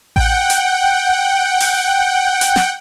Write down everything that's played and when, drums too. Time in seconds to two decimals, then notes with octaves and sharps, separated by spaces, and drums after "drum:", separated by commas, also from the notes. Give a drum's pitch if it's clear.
0.16 F#5 G5, drum: kick A1
0.50 drum: hi-hat
1.60 drum: open hi-hat
2.41 drum: hi-hat
2.56 drum: snare